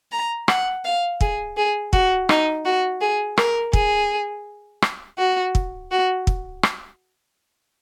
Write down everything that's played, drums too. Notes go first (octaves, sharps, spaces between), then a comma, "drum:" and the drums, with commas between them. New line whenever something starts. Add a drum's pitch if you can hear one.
A#5
F#5, drum: rim click
F5
G#4, drum: kick
G#4
F#4, drum: kick
D#4, drum: rim click
F#4
G#4
A#4, drum: rim click
G#4, drum: kick
drum: rim click
F#4
drum: kick
F#4
drum: kick
drum: rim click